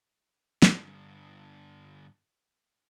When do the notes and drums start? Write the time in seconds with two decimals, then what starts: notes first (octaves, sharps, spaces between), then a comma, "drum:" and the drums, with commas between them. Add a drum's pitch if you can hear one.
0.62 G2 D3, drum: snare